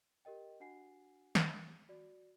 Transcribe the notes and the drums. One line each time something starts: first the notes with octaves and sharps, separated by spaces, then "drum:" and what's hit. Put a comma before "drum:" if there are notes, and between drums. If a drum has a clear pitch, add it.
G4 A#4 D#5 G5
D4 F#4 F#5 G#5 C7
drum: snare
F#4 D5